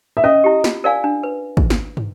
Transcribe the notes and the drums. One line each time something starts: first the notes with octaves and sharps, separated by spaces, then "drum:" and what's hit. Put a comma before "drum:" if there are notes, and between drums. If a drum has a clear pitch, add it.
E5
C#4 D#5
E4 G4
F4, drum: snare
A#4 D5 F5 G#5
D4
B4
drum: kick
drum: snare
drum: tom